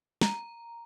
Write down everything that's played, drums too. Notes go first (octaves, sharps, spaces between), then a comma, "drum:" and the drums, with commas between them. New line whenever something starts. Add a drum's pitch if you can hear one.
A#5, drum: snare